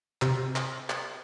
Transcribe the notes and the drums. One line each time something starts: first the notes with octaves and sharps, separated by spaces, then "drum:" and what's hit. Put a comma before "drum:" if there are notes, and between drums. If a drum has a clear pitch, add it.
C3, drum: clap
drum: clap
drum: clap